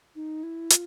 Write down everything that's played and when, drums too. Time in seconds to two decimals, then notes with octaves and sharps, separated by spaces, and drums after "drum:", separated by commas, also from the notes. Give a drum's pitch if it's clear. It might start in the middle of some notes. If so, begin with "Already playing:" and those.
0.16 D#4
0.43 E4
0.70 F4, drum: hi-hat